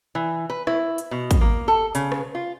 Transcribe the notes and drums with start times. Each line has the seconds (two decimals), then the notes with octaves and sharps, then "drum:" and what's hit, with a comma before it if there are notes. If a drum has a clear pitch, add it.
0.15 E3
0.50 B4
0.67 E4, drum: rim click
0.98 drum: hi-hat
1.11 B2
1.31 drum: kick, hi-hat
1.41 A#3
1.68 A4
1.95 C#3, drum: hi-hat
2.12 drum: rim click
2.35 F4